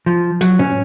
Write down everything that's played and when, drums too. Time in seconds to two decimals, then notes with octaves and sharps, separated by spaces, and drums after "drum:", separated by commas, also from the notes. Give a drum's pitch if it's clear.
0.06 F3
0.41 F#3, drum: hi-hat
0.59 C#4, drum: tom